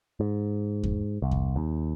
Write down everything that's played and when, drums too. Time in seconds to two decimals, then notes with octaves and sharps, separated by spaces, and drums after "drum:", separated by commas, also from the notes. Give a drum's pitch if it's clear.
0.20 G#2
0.84 drum: kick E2
1.22 C2
1.31 drum: kick E2
1.56 D#2